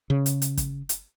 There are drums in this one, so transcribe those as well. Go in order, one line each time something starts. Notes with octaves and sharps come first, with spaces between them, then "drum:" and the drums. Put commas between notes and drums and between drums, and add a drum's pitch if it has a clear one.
C#3
drum: hi-hat
drum: hi-hat
drum: kick, hi-hat
drum: hi-hat